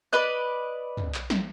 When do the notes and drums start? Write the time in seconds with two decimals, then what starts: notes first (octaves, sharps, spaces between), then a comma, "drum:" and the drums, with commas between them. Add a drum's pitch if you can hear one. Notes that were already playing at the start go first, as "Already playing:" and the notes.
0.13 B4 D5 D#5 F#6
0.97 drum: tom
1.14 drum: clap
1.30 drum: snare